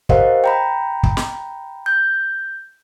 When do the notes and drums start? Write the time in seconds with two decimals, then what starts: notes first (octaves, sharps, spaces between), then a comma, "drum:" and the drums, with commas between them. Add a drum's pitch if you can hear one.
0.09 G4 A#4 C5 D#5 F5 F#5, drum: kick
0.44 G5 A#5 B5
1.03 drum: kick
1.17 drum: snare
1.86 G6